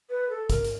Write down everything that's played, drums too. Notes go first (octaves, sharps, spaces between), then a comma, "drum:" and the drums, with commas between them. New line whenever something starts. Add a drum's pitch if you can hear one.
B4
A4
A#4, drum: kick, hi-hat
drum: hi-hat